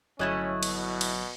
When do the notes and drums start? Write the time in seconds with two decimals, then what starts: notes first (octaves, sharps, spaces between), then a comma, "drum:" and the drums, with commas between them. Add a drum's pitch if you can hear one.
0.19 G1 F#3 A3 C#4 E4 D#5 F#6
0.63 B2, drum: cymbal
1.01 drum: cymbal